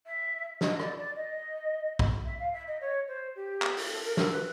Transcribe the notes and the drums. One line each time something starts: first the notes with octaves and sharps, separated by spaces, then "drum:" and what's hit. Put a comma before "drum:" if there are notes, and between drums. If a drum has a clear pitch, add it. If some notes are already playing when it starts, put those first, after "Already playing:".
E5
D#5, drum: snare
D5, drum: rim click
D5
D#5
drum: kick
E5
F5
E5
D#5
C#5
C5
G4
drum: clap
drum: open hi-hat
A4
A#4
A#4, drum: snare
B4